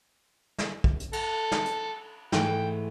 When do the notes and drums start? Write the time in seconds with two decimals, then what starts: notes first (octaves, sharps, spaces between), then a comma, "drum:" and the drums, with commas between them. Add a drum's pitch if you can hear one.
0.58 drum: snare
0.84 drum: kick
1.00 drum: hi-hat
1.13 A4, drum: cymbal
1.52 drum: snare
1.66 drum: hi-hat
2.32 G#2 E3 A3 G5, drum: snare